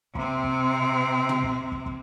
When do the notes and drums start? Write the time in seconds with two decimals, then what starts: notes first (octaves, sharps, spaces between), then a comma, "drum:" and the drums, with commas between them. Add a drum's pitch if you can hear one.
0.15 C3 C4, drum: kick
0.44 drum: kick
1.29 drum: tom
1.43 drum: kick
1.72 drum: kick
1.86 drum: kick